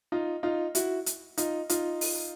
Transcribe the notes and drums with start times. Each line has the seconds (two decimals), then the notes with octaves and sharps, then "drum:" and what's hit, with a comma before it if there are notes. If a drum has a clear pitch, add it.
0.12 D#4 F4
0.43 D#4 F4
0.75 E4 F#4, drum: hi-hat
1.06 drum: hi-hat
1.38 D#4 F4, drum: hi-hat
1.69 D#4 F4, drum: hi-hat
2.01 drum: open hi-hat